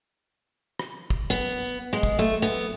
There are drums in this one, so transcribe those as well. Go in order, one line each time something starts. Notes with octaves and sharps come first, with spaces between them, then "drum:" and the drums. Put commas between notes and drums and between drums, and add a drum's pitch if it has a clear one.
drum: rim click
drum: kick
B3
G#3
drum: kick
A3
B3